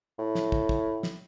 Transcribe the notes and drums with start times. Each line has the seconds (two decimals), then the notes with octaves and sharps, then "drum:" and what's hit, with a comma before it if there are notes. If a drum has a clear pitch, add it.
0.19 A2
0.35 drum: snare
0.52 drum: kick
0.69 drum: kick
1.03 drum: snare